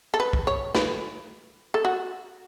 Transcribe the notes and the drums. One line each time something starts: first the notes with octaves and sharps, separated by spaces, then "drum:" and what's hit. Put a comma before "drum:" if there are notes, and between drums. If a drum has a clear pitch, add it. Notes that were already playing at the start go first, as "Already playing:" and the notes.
A4
B4
drum: kick
C#5
B4, drum: snare
A4
F#4